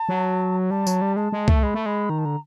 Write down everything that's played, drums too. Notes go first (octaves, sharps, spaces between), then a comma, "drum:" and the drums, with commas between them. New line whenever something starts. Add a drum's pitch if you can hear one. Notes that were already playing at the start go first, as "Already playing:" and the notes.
Already playing: A5
F#3
G3 A5
F#3, drum: tambourine
G3
G#3 A5
G#3
A3, drum: kick C2
G#3 B5
A3
G#3 B5
D#3 A#5
A5
D3 A#5